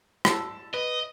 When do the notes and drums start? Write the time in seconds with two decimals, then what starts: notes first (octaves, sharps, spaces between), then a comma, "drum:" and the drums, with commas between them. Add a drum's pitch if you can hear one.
0.25 A5 E6, drum: rim click
0.74 B4 D#5